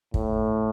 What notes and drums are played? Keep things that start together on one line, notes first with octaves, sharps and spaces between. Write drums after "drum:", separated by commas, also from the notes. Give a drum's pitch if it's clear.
A2, drum: kick